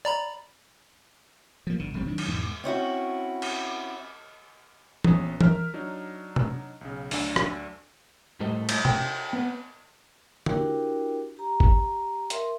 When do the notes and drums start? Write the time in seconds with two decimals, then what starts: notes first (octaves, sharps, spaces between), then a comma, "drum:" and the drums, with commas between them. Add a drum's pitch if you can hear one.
0.05 D5 A#5 B5
1.67 F3 A#3
1.79 G1 D3
1.94 E1 G3 C4
2.06 D#3 F#3 D4
2.18 drum: cymbal
2.28 E2 G#2 B2 E3
2.64 C4 C#4 E4 F#4
3.42 drum: cymbal
5.04 A#1 B3 C#4 D#6, drum: tom E3
5.41 A#4 E5 F6, drum: tom E3
5.74 F#3 D4 D#4
6.36 drum: tom C3
6.81 B1 C#3
7.11 D2 F#3 D4 E6, drum: open hi-hat
7.36 drum: rim click
8.40 A2 G3 A3 A4 C5 D#5
8.69 drum: cymbal
8.85 G5, drum: tom C3
9.33 B3 B4
10.46 D4 E4 F#4 G4 A#4 G5, drum: tom D3
11.37 G4 A#5
11.60 drum: kick
12.30 A#4 E5 C6, drum: hi-hat